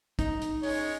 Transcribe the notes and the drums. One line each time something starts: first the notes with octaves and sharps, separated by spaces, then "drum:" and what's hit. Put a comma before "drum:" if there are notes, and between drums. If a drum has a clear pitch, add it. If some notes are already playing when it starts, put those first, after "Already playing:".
D#4, drum: kick, hi-hat
drum: hi-hat
G#3 C#4 C#5, drum: open hi-hat